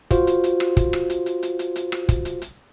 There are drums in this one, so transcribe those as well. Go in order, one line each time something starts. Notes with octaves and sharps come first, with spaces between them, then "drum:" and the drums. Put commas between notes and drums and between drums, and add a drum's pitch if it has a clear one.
F4 F#4 C5, drum: kick, hi-hat
drum: hi-hat
drum: hi-hat
drum: rim click
drum: kick, hi-hat
drum: rim click
drum: hi-hat
drum: hi-hat
drum: hi-hat
drum: hi-hat
drum: hi-hat
drum: rim click
drum: kick, hi-hat
drum: hi-hat
drum: hi-hat